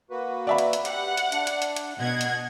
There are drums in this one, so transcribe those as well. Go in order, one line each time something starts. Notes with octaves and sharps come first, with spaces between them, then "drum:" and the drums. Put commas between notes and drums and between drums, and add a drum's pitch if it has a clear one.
A#3 F#4 B4
D5 E5 B5
drum: hi-hat
drum: hi-hat
G4 F#5, drum: hi-hat
drum: hi-hat
D4, drum: hi-hat
drum: hi-hat
drum: hi-hat
drum: hi-hat
B2 D#5 F#5 G#6
drum: hi-hat